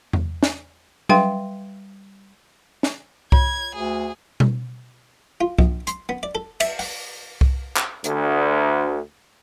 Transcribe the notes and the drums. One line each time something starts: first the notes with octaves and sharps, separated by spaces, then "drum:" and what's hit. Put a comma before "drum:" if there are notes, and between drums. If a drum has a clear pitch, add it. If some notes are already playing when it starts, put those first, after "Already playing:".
drum: tom E2
drum: snare
G3 B4 F5 G5 C6, drum: tom F#3
drum: snare
F4 C#5 G#6, drum: kick C2
D2 G#4
drum: tom B2
F4
A#1, drum: kick C2
C6, drum: hi-hat
B3
D5
A4
E5, drum: cymbal
F#5, drum: open hi-hat
drum: kick C2
drum: clap
D2, drum: hi-hat